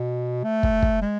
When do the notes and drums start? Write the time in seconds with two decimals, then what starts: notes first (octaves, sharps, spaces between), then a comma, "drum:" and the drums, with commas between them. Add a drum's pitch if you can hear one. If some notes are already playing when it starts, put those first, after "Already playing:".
Already playing: B2
0.44 A3
0.63 drum: kick
0.83 drum: kick
1.02 G#3